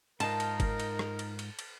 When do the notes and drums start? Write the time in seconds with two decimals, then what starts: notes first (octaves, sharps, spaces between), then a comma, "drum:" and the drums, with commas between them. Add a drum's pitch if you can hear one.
0.20 G#2 D#4 F4 A#4 A5, drum: cymbal
0.40 drum: cymbal
0.60 drum: kick G1, cymbal
0.80 drum: cymbal
0.99 drum: rim click
1.19 drum: cymbal
1.39 drum: cymbal
1.59 drum: cymbal